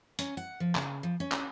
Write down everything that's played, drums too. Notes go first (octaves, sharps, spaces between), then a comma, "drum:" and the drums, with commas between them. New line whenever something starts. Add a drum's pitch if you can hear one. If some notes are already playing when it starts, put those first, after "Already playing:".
C#4, drum: hi-hat
F#5
F3
C#3, drum: clap
F3
C#4
drum: clap